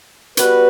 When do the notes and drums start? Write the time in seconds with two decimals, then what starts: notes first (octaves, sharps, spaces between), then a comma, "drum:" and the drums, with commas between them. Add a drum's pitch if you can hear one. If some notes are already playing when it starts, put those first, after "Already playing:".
0.37 G3 B3 F#4 B4, drum: hi-hat